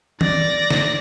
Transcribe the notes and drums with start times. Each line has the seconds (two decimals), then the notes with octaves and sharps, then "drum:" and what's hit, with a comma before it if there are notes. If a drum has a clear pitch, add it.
0.21 D5 A#6, drum: tom D#3
0.70 drum: snare